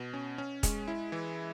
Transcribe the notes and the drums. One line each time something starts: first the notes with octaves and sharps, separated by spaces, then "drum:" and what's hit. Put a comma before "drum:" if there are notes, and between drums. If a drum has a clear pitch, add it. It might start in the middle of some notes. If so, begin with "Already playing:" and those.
Already playing: B2
C#4
C#4
G#3, drum: kick, hi-hat
E4
E3